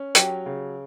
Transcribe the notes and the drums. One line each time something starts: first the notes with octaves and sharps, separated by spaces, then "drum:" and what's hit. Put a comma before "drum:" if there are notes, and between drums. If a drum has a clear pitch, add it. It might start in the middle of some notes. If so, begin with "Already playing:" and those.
Already playing: C#4
F#3 G4, drum: hi-hat
C#3